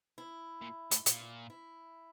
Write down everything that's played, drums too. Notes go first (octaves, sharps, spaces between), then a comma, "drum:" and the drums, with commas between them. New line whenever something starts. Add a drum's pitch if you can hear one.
E4
A#2
A2, drum: hi-hat
A#2 F4, drum: hi-hat
F4
E4